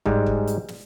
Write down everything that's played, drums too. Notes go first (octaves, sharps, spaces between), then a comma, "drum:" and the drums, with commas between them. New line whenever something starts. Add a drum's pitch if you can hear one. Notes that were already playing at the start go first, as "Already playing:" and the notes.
G#2 G3 G#3, drum: kick
drum: kick
drum: hi-hat
drum: snare